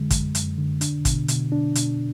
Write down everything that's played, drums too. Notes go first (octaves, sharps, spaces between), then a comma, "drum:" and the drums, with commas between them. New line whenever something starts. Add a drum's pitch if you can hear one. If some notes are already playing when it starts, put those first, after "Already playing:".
Already playing: F#2 D3 G#3
F#2, drum: kick, hi-hat
F#2, drum: hi-hat
D3
D4, drum: hi-hat
B2, drum: kick, hi-hat
B2, drum: hi-hat
D4
B2, drum: hi-hat